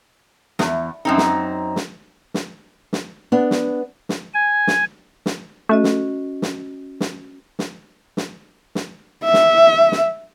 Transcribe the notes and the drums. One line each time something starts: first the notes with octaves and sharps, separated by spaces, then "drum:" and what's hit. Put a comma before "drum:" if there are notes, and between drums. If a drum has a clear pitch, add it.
E2, drum: snare
F#2 C4 D#4
drum: snare
drum: snare
drum: snare
drum: snare
B3 D4
drum: snare
drum: snare
G#5
drum: snare
drum: snare
A3 C#4 F#4 D#5
drum: snare
drum: snare
drum: snare
drum: snare
drum: snare
drum: snare
E5
drum: snare
drum: snare